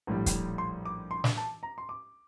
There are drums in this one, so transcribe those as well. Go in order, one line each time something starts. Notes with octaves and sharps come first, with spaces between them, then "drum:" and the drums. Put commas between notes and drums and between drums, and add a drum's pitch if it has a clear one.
A#1 A2 G3
drum: kick, hi-hat
C6
D6
C6
drum: snare
A5
A#5
C6
D6